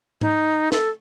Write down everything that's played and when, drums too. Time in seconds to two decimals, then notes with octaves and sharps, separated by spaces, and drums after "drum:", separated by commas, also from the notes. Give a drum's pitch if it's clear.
0.21 D#4, drum: tom G#2
0.72 A4, drum: snare